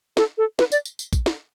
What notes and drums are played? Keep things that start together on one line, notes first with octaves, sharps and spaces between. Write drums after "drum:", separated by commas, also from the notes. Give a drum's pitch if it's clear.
A4, drum: snare
A4
B4, drum: snare
D5, drum: tambourine
drum: tambourine
drum: tambourine
drum: kick, tambourine
drum: snare